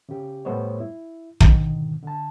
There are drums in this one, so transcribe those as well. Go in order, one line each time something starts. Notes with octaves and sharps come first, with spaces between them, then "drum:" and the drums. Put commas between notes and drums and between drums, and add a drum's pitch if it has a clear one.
C#3 G4
A2 G3 A3 B3 C5 C#5
E4
G#2 B2 D3 D#3, drum: kick
D3 A5